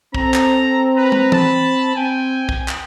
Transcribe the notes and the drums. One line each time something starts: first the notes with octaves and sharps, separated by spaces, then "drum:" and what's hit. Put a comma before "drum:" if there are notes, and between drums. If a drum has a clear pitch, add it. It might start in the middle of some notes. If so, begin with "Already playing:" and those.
C4 A4 A#5, drum: kick
drum: clap
B4 A#5
drum: tom
A5 B5, drum: tom E3
C4 G5 G#5
drum: kick
drum: clap